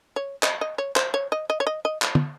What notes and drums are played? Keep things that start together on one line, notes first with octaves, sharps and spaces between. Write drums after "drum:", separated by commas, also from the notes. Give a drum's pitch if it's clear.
C#5
D#5, drum: clap
D#5
C#5
C5, drum: clap
C#5
D#5
D#5
C#5
D#5
D#5
drum: clap
drum: tom